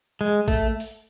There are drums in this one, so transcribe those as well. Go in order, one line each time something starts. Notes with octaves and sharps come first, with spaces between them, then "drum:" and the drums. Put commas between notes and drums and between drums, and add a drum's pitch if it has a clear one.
G#3
A3, drum: kick
drum: open hi-hat